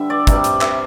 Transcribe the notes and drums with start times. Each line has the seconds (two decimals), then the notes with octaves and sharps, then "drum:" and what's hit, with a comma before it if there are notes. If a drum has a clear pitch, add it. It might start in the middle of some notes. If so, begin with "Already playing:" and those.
Already playing: D3 G3 E5
0.10 D5
0.27 C3 G3 D5, drum: kick, hi-hat
0.44 drum: hi-hat
0.61 E5, drum: clap